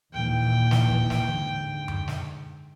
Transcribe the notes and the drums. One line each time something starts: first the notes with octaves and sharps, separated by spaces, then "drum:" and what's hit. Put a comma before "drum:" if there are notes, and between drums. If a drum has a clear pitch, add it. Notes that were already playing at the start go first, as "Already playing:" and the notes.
D#2 A#2 E3 G5
drum: snare
drum: kick
drum: snare
G#2 D3
drum: tom F#2
drum: snare